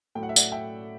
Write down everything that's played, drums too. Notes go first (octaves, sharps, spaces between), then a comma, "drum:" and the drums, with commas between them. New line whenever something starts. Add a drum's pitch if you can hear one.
A2 F#3 A3 G5
F#5
E5
D5 F#5, drum: tambourine
E5 G5